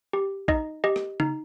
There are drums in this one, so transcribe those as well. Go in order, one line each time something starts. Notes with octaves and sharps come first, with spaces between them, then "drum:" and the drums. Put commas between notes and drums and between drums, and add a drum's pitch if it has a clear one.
G4
D#4 D#5, drum: kick A#1
G4 D#5
drum: rim click
D#4, drum: tom C#3